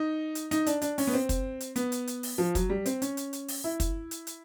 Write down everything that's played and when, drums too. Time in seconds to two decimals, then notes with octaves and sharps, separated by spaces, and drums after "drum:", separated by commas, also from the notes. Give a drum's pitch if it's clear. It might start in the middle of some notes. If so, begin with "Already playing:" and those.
Already playing: D#4
0.35 drum: hi-hat
0.51 D#4, drum: hi-hat
0.66 D4, drum: hi-hat
0.82 D4, drum: hi-hat
0.98 C#4, drum: open hi-hat
1.07 B3
1.14 C4
1.29 drum: kick, hi-hat
1.60 drum: hi-hat
1.76 B3, drum: hi-hat
1.92 drum: hi-hat
2.07 drum: hi-hat
2.23 drum: open hi-hat
2.38 F3
2.55 F#3, drum: kick, hi-hat
2.69 G3
2.86 C4, drum: hi-hat
3.02 C#4, drum: hi-hat
3.17 drum: hi-hat
3.33 drum: hi-hat
3.48 drum: open hi-hat
3.64 E4
3.80 drum: kick, hi-hat
4.11 drum: hi-hat
4.27 drum: hi-hat